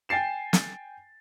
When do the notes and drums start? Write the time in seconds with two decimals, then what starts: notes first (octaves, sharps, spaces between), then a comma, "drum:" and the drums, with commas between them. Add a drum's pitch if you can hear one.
0.09 G5 G#5 A6 C7 E7
0.53 drum: snare